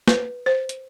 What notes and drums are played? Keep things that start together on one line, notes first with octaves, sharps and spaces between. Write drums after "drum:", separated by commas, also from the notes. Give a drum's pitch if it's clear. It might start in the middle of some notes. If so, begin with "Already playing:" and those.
B4, drum: snare
C5
drum: hi-hat